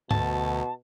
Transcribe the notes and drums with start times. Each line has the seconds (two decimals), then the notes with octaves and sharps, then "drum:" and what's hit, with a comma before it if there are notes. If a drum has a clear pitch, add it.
0.11 D2 B2 A5, drum: tom